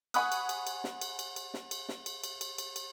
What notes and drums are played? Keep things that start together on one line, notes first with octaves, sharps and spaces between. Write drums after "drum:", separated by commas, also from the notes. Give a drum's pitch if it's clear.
F#5 G#5 B5 C#6 D#6 F#6, drum: cymbal
drum: cymbal
drum: cymbal
drum: cymbal
drum: snare
drum: cymbal
drum: cymbal
drum: cymbal
drum: snare
drum: cymbal
drum: snare
drum: cymbal
drum: cymbal
drum: cymbal
drum: cymbal
drum: cymbal